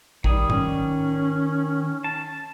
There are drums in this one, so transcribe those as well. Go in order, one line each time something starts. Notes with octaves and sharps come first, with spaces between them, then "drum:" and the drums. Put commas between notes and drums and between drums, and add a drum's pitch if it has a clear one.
D#3 G3 G#4 D#6, drum: kick
C#4, drum: tom
A5